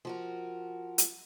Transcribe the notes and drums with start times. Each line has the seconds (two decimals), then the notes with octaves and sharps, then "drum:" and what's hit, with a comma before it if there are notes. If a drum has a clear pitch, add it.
0.05 F3 F#4 A#4
0.98 drum: hi-hat